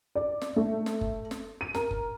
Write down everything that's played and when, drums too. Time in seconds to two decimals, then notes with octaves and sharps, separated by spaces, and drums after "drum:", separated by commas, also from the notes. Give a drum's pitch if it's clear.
0.15 D5
0.41 drum: snare
0.56 A3
0.86 drum: snare
1.01 drum: kick F#1
1.31 drum: snare
1.61 D#7
1.74 A#4, drum: snare
1.91 drum: kick F#1